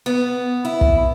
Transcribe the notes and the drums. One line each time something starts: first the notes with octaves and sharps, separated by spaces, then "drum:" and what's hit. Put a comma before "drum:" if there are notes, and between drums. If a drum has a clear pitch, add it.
B3
E4
drum: kick